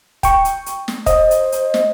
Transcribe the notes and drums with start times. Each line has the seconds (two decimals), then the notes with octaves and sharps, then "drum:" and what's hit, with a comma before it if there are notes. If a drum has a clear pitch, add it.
0.23 G5 C#6, drum: kick D#1, hi-hat
0.45 drum: hi-hat
0.66 drum: hi-hat
0.88 drum: snare
1.06 C5 D#5, drum: kick D#1, hi-hat
1.31 drum: hi-hat
1.52 drum: hi-hat
1.74 drum: snare